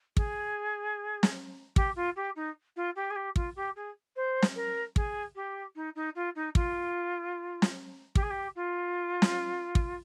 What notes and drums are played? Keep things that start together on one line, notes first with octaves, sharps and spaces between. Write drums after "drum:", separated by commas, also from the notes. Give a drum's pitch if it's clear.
G#4, drum: kick
drum: snare
G4, drum: kick
F4
G4
D#4
F4
G4
G#4
G4
F4, drum: kick
G4
G#4
C5
drum: snare
A#4
G#4, drum: kick
G4
D#4
D#4
F4
D#4
F4, drum: kick
drum: snare
G4, drum: kick
G#4
G4
F4
drum: snare
drum: kick